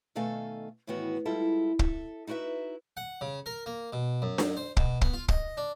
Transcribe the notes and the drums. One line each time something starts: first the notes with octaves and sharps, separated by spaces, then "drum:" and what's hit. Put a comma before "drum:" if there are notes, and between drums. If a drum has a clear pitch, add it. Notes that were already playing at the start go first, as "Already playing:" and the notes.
B2 D#3 A3 A4 F5 G#5
A2 D#3 E3 B3 F#4
G3 G#3 E4 F4 A4
A4 E5, drum: kick
D#4 E4 F#4 B4 E5
F#5
C#3
A#4
A#3
B2
F#2
drum: snare D4
C5
B2, drum: kick
B3, drum: kick
F4
D#5, drum: kick
D4